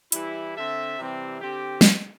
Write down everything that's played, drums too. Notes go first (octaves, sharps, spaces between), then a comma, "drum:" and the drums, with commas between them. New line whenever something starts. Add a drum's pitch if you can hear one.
E3 G3 E4, drum: hi-hat
D3 C4 A4 E5
C3 E3 G3 C4
D3 C4 G4
drum: snare